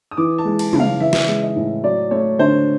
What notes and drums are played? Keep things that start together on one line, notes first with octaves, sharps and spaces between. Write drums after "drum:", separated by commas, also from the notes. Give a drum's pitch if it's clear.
D#6
E3 D6
A5
G#3
A5, drum: cymbal
C#3, drum: tom
F5
E3 E5
drum: snare
G#3
D#5
A2
F#3 D5
A3 C#5
D3 C5